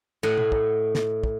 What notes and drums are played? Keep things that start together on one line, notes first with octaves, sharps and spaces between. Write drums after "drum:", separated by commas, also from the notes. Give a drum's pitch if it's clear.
A2 A3 D#5 F#5
drum: tom
drum: kick
drum: snare
drum: kick